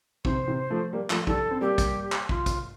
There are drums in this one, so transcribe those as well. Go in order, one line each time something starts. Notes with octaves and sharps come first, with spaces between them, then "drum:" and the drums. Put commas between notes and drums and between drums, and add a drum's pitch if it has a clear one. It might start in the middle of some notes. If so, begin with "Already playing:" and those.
C3 E3 C5, drum: kick
C3 E3
F3 A3
G3 A#3
F3 A3, drum: clap
E3 G3 A4, drum: kick
C4
G3 A#3 G4
drum: kick, hi-hat
drum: clap
F4, drum: kick
drum: kick, hi-hat